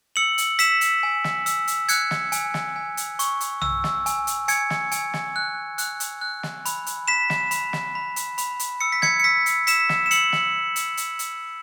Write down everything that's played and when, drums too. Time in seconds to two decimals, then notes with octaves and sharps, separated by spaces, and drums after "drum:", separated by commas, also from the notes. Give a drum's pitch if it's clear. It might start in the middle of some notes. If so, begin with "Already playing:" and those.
0.16 E6 C#7 F#7
0.38 drum: hi-hat
0.59 E6 B6 E7, drum: hi-hat
0.81 drum: hi-hat
1.03 G#5
1.24 drum: snare
1.46 E6, drum: hi-hat
1.68 drum: hi-hat
1.89 F#6 G#6 C#7, drum: hi-hat
2.11 drum: snare
2.32 G#5, drum: hi-hat
2.54 drum: snare
2.76 G#5
2.97 drum: hi-hat
3.19 C#6, drum: hi-hat
3.41 drum: hi-hat
3.62 E6, drum: tom B1
3.84 drum: snare
4.06 G#5, drum: hi-hat
4.27 drum: hi-hat
4.48 G#5 G#6 C#7, drum: hi-hat
4.70 drum: snare
4.92 G#5, drum: hi-hat
5.14 drum: snare
5.36 F#6
5.78 F#6, drum: hi-hat
6.00 drum: hi-hat
6.21 F#6
6.43 drum: snare
6.65 B5, drum: hi-hat
6.87 drum: hi-hat
7.08 B5 B6 E7
7.30 drum: snare
7.51 B5, drum: hi-hat
7.73 drum: snare
7.95 B5
8.16 drum: hi-hat
8.38 B5, drum: hi-hat
8.60 drum: hi-hat
8.81 E6 C#7
8.92 B6
9.02 G#6 C#7, drum: snare
9.20 C#7
9.24 E6 B6
9.46 drum: hi-hat
9.67 E6 B6 E7, drum: hi-hat
9.89 drum: snare
10.06 E7
10.11 E6 C#7 F#7, drum: hi-hat
10.32 drum: snare
10.76 drum: hi-hat
10.97 drum: hi-hat
11.19 drum: hi-hat